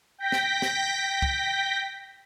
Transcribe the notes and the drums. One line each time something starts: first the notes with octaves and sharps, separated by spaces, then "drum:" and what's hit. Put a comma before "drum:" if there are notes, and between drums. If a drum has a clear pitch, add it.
G5 G6 A#6 B6
drum: snare
drum: snare
drum: kick